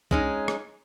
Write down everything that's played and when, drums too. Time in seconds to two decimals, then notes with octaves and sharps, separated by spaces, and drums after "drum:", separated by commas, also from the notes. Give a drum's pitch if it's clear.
0.11 G#3 C#4 D#4, drum: kick B1
0.48 drum: rim click